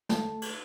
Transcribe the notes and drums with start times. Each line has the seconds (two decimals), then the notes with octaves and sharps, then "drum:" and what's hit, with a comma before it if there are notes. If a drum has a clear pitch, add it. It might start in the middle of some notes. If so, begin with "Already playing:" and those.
0.09 A3 A5, drum: snare
0.42 drum: cymbal